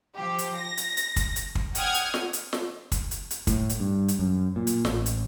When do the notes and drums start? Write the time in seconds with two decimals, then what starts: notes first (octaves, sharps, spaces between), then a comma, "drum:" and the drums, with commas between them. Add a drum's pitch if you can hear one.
0.16 F3 G4
0.38 drum: hi-hat
0.55 A#6
0.77 drum: hi-hat
0.97 drum: hi-hat
1.16 drum: kick, hi-hat
1.36 drum: hi-hat
1.55 drum: kick
1.75 F#5 G5 D#6 F6 G#6, drum: hi-hat
1.94 drum: hi-hat
2.14 drum: snare
2.33 drum: hi-hat
2.53 drum: snare
2.92 drum: kick, hi-hat
3.11 drum: hi-hat
3.31 drum: hi-hat
3.47 A2, drum: kick, hi-hat
3.69 drum: hi-hat
3.80 G2
4.08 drum: hi-hat
4.19 F#2
4.56 A#2
4.67 drum: hi-hat
4.85 A1, drum: snare
5.06 drum: hi-hat